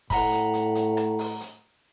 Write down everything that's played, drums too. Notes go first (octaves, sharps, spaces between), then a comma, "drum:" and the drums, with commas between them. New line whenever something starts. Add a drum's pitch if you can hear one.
A2 F#5 A#5 B5, drum: kick, open hi-hat
drum: hi-hat
drum: hi-hat
drum: hi-hat
drum: rim click
drum: open hi-hat
drum: hi-hat